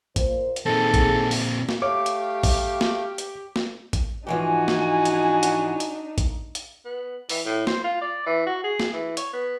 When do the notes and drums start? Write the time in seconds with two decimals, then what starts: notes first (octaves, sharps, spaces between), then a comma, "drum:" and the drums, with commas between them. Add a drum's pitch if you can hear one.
0.16 A#2 C5, drum: kick A1, hi-hat
0.56 drum: hi-hat
0.66 A#2 D#3 C4 G#4 A4
0.94 drum: kick A1, hi-hat
1.31 drum: open hi-hat
1.69 drum: snare
1.82 A3 G4 C#5 F5 D6
2.06 drum: hi-hat
2.43 drum: kick A1, open hi-hat
2.81 drum: snare
3.18 drum: hi-hat
3.56 drum: snare
3.93 drum: kick A1, hi-hat
4.27 G#2 E3 F3 D4 D#4 F#4 G#5
4.68 drum: snare
5.05 drum: hi-hat
5.43 drum: hi-hat
5.80 drum: hi-hat
6.18 drum: kick A1, hi-hat
6.55 drum: hi-hat
6.85 B3
7.29 E3, drum: open hi-hat
7.46 A2
7.67 C5, drum: snare
7.84 F4
8.01 D5
8.26 E3
8.46 F#4
8.64 G#4
8.80 drum: snare
8.93 E3
9.17 C#5, drum: hi-hat
9.33 B3